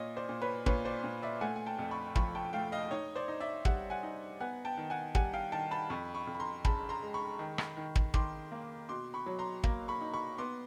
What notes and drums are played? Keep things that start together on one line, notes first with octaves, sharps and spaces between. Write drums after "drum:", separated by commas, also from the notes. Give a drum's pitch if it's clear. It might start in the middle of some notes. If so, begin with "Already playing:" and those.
Already playing: A#2 C#5 D#5
C5 D5
A#2
B4 C#5
A#2 B4 C#5, drum: kick
C5 D5
A#2
D5 E5
A3 F#5 G#5
G#5
G5 A5
F2
B5 C#6
F3 B5 C#6, drum: kick
G5 A5
A3 F5 G5
D#5 F5
D#4 C#5 D#5
C5 D5
D#4
D5 E5
G3 E5 F#5, drum: kick
F#5 G#5
D#4
B3 F#5 G#5
G5 A5
D#3
F#5 G#5
G3 F#5 G#5, drum: kick
F5 G5
D#3 G5 A5
A5 B5
F2 B5 C#6
B5 C#6
F2
B5
A#5 C6
C#3 A5 B5, drum: kick
A#5 C6
G#3
B5 C#6
D#3
drum: rim click
D#3
drum: kick
D#3 C6 D6, drum: kick
A#3
B2 C6 D6
B5 C#6
F#3
A#5 C6
A#3, drum: kick
B5 C#6
D#4
B5 C#6
B3 C6 D6